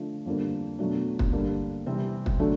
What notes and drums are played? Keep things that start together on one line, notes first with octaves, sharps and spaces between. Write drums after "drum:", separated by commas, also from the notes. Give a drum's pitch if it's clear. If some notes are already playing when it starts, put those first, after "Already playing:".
Already playing: D3 F3 A3
F2 D3 G3 A#3
B2 F#3 A3 D4
drum: kick
G2 D3 G3 A#3
C3 E3 G3 C4
drum: kick
D3 F#3 A3 D4